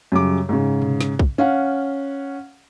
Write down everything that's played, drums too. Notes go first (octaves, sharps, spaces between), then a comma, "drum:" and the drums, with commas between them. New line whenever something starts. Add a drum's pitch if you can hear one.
F#2 C#3 G3 D6
G#2 C#3
drum: tom B2
drum: snare
drum: kick
C#4 F5 F#5